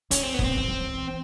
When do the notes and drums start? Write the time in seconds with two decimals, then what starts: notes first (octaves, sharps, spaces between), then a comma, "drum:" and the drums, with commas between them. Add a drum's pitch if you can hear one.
0.11 D3 C#4, drum: hi-hat
0.23 C4
0.34 B3
0.39 C#3, drum: kick
0.44 D3 C4
0.57 D#3
0.68 D#3
0.80 E3